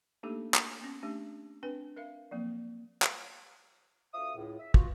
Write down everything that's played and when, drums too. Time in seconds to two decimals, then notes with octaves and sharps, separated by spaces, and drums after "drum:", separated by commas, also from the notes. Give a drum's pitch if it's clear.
0.23 A3 A#3 D4 D#4 G4 A4
0.54 drum: clap
0.81 B3 C#4
1.03 A3 C#4 D4 G4
1.63 C4 D4 B4 G#5
1.96 A#4 E5 F5
2.31 F3 F#3 A#3 C4
3.02 drum: clap
4.14 D2 F4 E5 D#6
4.36 C#2 A2
4.59 E5
4.74 B3 F4 F#4, drum: kick